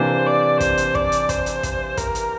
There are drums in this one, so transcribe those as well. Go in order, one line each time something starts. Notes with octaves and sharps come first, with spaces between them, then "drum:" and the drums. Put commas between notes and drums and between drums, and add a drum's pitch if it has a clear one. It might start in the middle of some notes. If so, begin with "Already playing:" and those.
Already playing: C3 E3 A#3 D4 C5
D5
C5, drum: kick, hi-hat
drum: hi-hat
D5, drum: kick
drum: hi-hat
C5, drum: kick, hi-hat
drum: hi-hat
drum: kick, hi-hat
A#4, drum: kick, hi-hat
drum: hi-hat